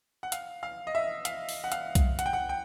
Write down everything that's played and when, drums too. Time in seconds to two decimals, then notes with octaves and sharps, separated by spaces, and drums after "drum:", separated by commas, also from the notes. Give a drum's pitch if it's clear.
0.23 F#5
0.32 F5, drum: hi-hat
0.63 F5
0.87 D#5
0.95 E5
1.25 F5, drum: hi-hat
1.49 drum: open hi-hat
1.64 F#5
1.72 F5, drum: hi-hat
1.95 drum: kick B1, hi-hat
2.19 F#5, drum: hi-hat
2.26 G5
2.33 F#5
2.49 G5